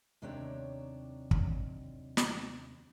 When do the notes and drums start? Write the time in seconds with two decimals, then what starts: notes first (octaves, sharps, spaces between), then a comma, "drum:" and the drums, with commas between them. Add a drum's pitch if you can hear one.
0.22 D#2 C3 F#3 D4 C#5 G5
1.31 drum: kick
2.17 drum: snare